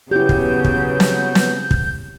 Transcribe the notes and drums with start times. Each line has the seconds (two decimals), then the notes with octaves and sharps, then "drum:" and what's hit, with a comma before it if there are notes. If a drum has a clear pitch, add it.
0.11 C#3 F#3 B3 E4 G4 G6
0.29 drum: kick
0.64 drum: kick
1.00 drum: snare
1.35 drum: snare
1.71 drum: kick